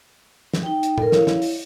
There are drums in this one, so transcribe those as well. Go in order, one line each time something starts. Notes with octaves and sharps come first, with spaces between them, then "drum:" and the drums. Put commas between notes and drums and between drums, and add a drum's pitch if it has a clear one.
drum: snare
D#4 G5
drum: hi-hat
A4 A#4, drum: tom
E4 C#5 F5, drum: snare
drum: snare
drum: open hi-hat